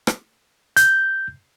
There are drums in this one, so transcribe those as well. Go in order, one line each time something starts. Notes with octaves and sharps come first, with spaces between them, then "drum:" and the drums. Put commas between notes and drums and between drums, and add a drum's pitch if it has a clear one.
drum: rim click
G6, drum: hi-hat